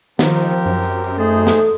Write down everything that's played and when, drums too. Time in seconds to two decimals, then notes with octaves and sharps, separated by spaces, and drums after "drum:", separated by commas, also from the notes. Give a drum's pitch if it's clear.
0.19 D#3 F3 C4 G4 A#4, drum: snare
0.40 drum: tambourine
0.66 F#2
0.83 drum: tambourine
1.04 drum: tambourine
1.18 A3 D#4 G#4 A4 C5 D#6
1.47 drum: snare